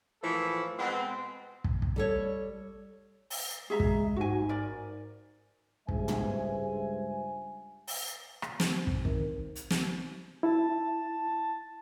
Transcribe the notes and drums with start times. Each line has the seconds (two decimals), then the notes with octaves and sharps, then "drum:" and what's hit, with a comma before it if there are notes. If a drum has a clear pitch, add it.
0.22 A2 E3 F3 A3 A#3 A4
0.78 B2 G#3 B3 C4
1.64 drum: kick
1.82 drum: kick
1.96 G3 A4 C#5
3.30 drum: open hi-hat
3.70 G#3 G#4 E5 A#5
3.80 drum: kick
4.16 G#2 F#4 G#5
4.49 A#4 D5
5.89 C#2 G2 G#3 C5 E5 G#5, drum: kick
6.08 drum: tom
7.88 drum: open hi-hat
8.42 drum: rim click
8.60 C4, drum: snare
8.87 drum: kick
9.05 D#3, drum: kick
9.56 drum: hi-hat
9.70 drum: snare
10.43 E4 A5